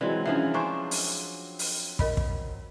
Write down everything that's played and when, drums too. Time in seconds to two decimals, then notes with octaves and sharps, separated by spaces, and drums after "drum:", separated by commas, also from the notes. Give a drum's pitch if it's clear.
0.01 E3 F#3 G#3 C4 D5
0.26 E3 F3 C#4 D4 G#4 E5
0.54 D4 C5 G#5 A#5 C#6
0.91 drum: open hi-hat
1.59 drum: open hi-hat
1.99 A#4 D#5 B5, drum: kick
2.17 drum: kick